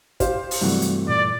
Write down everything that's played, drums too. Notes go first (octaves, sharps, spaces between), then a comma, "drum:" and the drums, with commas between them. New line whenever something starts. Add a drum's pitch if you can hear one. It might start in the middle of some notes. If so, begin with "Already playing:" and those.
G4 C5 F5, drum: kick, hi-hat
drum: open hi-hat
G2 C3 E3 F#3 G3 A3
drum: hi-hat
A#2 D5